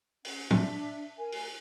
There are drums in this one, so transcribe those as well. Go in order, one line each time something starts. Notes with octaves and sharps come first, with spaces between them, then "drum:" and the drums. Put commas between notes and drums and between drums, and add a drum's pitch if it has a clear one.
C#4 F#5, drum: open hi-hat
D4 E5, drum: tom
A#4 G#5
drum: open hi-hat